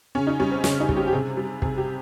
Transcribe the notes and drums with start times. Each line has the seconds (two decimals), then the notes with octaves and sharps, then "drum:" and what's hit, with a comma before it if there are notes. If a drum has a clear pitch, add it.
0.15 C#3 C#4
0.27 D#4
0.39 G3 C#4
0.52 C4
0.64 C#3 C#4, drum: snare
0.80 D#4
0.89 G3, drum: kick
0.96 G4
1.07 G4
1.13 C3 G#4
1.37 G3
1.62 C3 G#4, drum: kick
1.78 G4